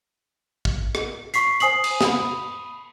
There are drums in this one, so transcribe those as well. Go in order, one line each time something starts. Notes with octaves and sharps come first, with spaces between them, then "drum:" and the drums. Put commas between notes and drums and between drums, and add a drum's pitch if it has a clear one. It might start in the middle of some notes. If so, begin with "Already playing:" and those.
drum: kick
drum: rim click
C#6 B6 C7, drum: hi-hat
C5 G#5 D#6 C7 F#7, drum: hi-hat
drum: cymbal
B5 D#6, drum: snare